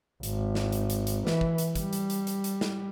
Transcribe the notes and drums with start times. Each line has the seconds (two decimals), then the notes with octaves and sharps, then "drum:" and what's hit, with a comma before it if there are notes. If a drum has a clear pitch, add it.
0.23 G#1, drum: hi-hat
0.55 drum: snare
0.73 drum: hi-hat
0.90 drum: hi-hat
1.07 drum: hi-hat
1.27 E3, drum: snare
1.41 drum: kick
1.58 drum: hi-hat
1.75 G3, drum: kick, hi-hat
1.93 drum: hi-hat
2.10 drum: hi-hat
2.27 drum: hi-hat
2.44 drum: hi-hat
2.61 drum: snare